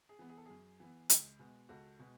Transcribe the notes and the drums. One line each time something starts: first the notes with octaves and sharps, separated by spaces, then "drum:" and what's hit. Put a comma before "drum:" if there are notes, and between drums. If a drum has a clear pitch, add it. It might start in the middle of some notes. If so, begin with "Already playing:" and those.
G#4
E3 B3
G#4
A4
F#2 G#4
E3 B3
C#2, drum: hi-hat
B2 G#3 B3
C#2 F#4 A4
B2 G#3 B3